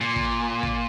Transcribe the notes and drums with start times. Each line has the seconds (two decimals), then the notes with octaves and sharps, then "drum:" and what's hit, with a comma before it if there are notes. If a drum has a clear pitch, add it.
0.01 A#2
0.16 drum: kick
0.63 drum: kick